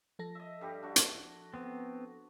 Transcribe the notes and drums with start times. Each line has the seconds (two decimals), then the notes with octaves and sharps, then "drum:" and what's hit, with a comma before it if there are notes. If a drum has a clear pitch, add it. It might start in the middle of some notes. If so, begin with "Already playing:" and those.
0.19 F3 A4 A#6
0.35 D#5 E5
0.61 G2 G3 G4
0.83 D4 F#4
0.96 drum: hi-hat
1.54 B3 C4